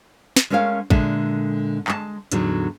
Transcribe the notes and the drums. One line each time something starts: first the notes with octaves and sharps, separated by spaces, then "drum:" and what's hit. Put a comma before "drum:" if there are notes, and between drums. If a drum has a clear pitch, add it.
drum: snare
G#3 A3 C#4 A#4 C#5 F5
A#2 D3 G#3 A4 E5, drum: kick A1
G#3 A5, drum: clap
E2 A2 D3 F#3 D#4, drum: hi-hat